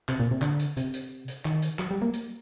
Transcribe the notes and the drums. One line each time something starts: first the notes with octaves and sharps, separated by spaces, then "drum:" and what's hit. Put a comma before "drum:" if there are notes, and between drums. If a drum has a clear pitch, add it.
C3, drum: clap
A#2
C3
D3, drum: clap
drum: hi-hat
C3, drum: hi-hat
drum: hi-hat
drum: hi-hat
D#3, drum: clap
drum: hi-hat
F#3, drum: clap
G3
A#3
drum: hi-hat